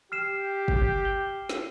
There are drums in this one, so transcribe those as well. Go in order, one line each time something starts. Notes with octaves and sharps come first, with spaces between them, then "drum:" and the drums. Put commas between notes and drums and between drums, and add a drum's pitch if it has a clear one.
G4 F6 C7 E7
drum: kick G1
G7
drum: snare